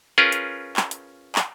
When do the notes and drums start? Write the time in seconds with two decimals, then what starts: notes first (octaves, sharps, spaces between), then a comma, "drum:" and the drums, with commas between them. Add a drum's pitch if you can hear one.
0.18 C#4 F4 G#4 A#4 B4
0.32 drum: hi-hat
0.77 drum: clap
0.91 drum: hi-hat
1.35 drum: clap